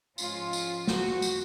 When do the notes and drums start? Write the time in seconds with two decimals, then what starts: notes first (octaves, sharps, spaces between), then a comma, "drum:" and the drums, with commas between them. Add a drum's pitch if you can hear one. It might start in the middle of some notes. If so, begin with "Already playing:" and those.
0.18 G#2 F3 G#3 C#4 F4, drum: tambourine
0.53 drum: tambourine
0.87 F#4, drum: snare
1.22 drum: tambourine